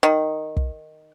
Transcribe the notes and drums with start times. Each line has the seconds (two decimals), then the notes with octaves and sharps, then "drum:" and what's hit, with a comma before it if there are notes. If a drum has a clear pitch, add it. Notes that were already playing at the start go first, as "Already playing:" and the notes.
0.03 D#3
0.57 drum: kick